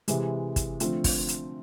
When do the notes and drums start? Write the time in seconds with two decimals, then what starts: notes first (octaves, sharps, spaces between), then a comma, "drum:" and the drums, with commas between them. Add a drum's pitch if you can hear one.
0.08 C3 E3 G#3, drum: hi-hat
0.56 drum: kick, hi-hat
0.80 D3 F3 A3 C4 F4, drum: hi-hat
1.04 drum: kick, open hi-hat
1.28 drum: hi-hat